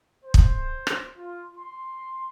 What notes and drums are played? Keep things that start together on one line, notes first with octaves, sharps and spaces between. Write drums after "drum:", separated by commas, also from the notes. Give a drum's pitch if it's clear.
C5
drum: kick
drum: rim click
F4
C6